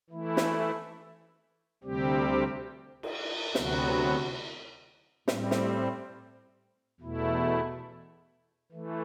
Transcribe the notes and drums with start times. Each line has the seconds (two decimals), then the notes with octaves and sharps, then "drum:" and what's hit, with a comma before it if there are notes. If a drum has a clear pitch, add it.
0.10 E3 A3 E4
0.37 drum: snare
1.84 D2 C3 G3 C4 G4
3.03 drum: cymbal
3.55 D2 C3 F#3 B3 F#4, drum: snare
5.28 A2 G3 C4, drum: snare
5.51 drum: snare
7.01 E2 B2 A3 E4
8.72 E3 A3